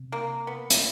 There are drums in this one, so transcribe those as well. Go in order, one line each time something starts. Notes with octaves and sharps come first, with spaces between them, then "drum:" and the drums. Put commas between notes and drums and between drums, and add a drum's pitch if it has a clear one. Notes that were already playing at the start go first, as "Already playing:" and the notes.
Already playing: C3
A#3
B3
drum: hi-hat